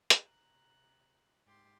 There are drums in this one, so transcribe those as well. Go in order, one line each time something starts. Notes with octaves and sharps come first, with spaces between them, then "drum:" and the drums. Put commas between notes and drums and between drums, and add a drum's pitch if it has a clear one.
drum: hi-hat
C3 A#5 F#6
G#2 G4 C6